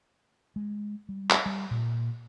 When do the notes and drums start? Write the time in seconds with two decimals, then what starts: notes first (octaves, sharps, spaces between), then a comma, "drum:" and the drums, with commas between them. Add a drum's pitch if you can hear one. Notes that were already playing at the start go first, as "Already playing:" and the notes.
0.56 G#3
1.09 G3
1.30 drum: clap
1.46 G3
1.71 A#2